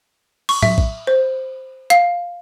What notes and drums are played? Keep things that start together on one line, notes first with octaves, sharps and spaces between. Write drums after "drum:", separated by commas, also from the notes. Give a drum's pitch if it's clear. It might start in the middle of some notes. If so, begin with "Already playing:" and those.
C#6, drum: cymbal
E5, drum: tom
drum: kick A#1
C5
F5, drum: hi-hat